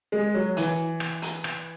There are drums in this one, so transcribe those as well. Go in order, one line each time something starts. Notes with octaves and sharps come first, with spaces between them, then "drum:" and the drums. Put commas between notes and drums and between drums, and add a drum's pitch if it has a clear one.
G#3
F#3
E3, drum: hi-hat
drum: rim click
drum: hi-hat
drum: rim click